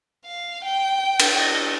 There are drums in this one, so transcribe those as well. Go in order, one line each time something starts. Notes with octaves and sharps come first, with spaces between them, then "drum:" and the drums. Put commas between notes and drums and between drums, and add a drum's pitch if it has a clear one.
F5
G5
drum: cymbal
D#5